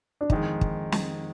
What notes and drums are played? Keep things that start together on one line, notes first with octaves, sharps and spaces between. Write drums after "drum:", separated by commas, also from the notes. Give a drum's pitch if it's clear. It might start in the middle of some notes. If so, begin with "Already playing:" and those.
D4
F2 D#3 G#3 D#4, drum: kick
drum: kick
drum: snare